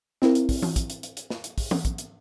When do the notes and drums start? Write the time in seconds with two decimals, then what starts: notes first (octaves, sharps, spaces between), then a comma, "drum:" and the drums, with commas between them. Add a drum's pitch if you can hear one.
0.22 C4 E4 A#4, drum: snare
0.35 drum: hi-hat
0.49 drum: kick, open hi-hat
0.62 drum: tom E3
0.76 drum: kick, hi-hat
0.90 drum: hi-hat
1.03 drum: hi-hat
1.17 drum: hi-hat
1.30 drum: snare
1.44 drum: hi-hat
1.58 drum: kick, open hi-hat
1.71 drum: tom
1.85 drum: kick, hi-hat
1.98 drum: hi-hat